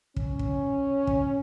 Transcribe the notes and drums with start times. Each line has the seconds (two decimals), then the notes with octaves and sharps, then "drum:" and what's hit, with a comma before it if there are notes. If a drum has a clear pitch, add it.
0.16 C#4, drum: kick
0.39 drum: kick
1.07 drum: kick